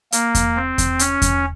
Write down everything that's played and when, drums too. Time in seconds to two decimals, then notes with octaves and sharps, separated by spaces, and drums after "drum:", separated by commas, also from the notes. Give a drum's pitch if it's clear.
0.12 A#3, drum: hi-hat
0.35 drum: kick E2, hi-hat
0.56 C4
0.78 drum: kick E2, hi-hat
0.99 C#4, drum: hi-hat
1.22 drum: kick E2, hi-hat